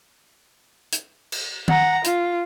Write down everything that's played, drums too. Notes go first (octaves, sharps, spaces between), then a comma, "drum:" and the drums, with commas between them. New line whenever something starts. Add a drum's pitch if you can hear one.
drum: hi-hat
drum: cymbal
F#5 A#5, drum: tom D#3
F4, drum: hi-hat